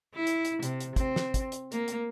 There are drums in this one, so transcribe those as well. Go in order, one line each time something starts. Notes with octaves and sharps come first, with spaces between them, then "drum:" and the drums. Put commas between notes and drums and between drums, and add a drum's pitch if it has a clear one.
E4
drum: hi-hat
drum: hi-hat
C3, drum: hi-hat
drum: hi-hat
C4, drum: kick, hi-hat
drum: snare
drum: kick, hi-hat
drum: hi-hat
A#3, drum: hi-hat
drum: hi-hat